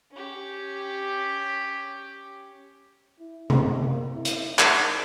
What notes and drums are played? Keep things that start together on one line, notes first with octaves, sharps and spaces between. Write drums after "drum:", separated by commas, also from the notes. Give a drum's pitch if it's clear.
C#4 G4
E4
C3, drum: tom C3
A#3
E4
drum: hi-hat
D#4
drum: clap